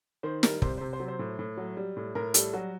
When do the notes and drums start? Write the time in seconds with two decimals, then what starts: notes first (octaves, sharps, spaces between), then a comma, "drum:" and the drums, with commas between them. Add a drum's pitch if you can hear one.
0.23 D#3 C5
0.43 G3 A#4, drum: snare
0.62 C3 C5, drum: kick
0.77 C5
0.81 C3
0.93 C5
1.00 F#3
1.08 C5
1.19 A2
1.39 A2
1.57 F#3
1.77 G3
1.97 A2
2.15 A2 A#4
2.34 G3 A4, drum: hi-hat
2.53 F#3 F#4